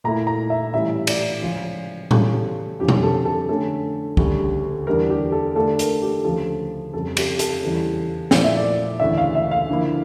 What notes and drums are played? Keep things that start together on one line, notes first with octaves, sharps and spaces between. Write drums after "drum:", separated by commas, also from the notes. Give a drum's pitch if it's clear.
A#2 A3 E4 A#5
A#5
E5
A2 E3 G3 C#4 E4 E5
D5, drum: cymbal
C#2 C#3 F3 C#4 F4
C#3 E3 G3 C#4 F4 A4, drum: tom A2
F2 D3 F3 C#4 G4
drum: tom B2
A4
A4
D3 A3 C#4 A4
D2 C#3 G3, drum: kick
E2 D3 G3 D4 A#4
G4
A4
D3 A3 D4 F4 A4
A#4, drum: hi-hat
G4
D2 C#3 F3 A4
F2 C#3 G3 A4
G4, drum: cymbal
A4, drum: hi-hat
E2 C#3 E3 G3
A#2 F3 A3 E4 D5, drum: snare
E5
D5
D2 C#3 E3 E5
F5
E5
F5
D3 F3 A#3 E4